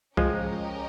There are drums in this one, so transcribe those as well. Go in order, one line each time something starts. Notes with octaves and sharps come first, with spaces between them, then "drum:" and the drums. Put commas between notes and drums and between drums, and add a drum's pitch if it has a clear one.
F3 G#3 C#4 G4 A#4 D#5 G5, drum: kick C2